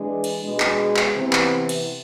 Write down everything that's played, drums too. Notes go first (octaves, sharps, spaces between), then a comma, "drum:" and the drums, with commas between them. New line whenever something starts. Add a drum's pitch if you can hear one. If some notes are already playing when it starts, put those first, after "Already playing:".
Already playing: E3 G#3 D4 G#4
drum: cymbal
B2 G#3 D4 G#4
drum: clap
drum: clap
C3 E3 B3
drum: clap
drum: cymbal